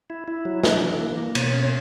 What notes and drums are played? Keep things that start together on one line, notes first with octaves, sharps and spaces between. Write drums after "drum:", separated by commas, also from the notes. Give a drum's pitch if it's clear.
E4
E4
F#3
D4, drum: snare
E3
A#3
A#3
B2, drum: cymbal
C#4